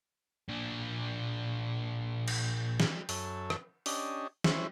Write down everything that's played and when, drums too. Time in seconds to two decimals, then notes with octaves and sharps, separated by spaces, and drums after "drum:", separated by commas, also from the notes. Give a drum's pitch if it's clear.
0.49 A#2 D4
2.28 drum: cymbal
2.80 drum: snare
3.09 F#2 A4 C#5, drum: open hi-hat
3.50 drum: rim click
3.86 C#4 D4 G4 D#5, drum: open hi-hat
4.44 C#4 E4 C5, drum: snare